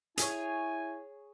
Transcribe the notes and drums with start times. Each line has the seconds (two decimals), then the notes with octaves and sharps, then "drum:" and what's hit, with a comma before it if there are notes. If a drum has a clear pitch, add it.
0.18 E4 G#4 C#5 G#5, drum: hi-hat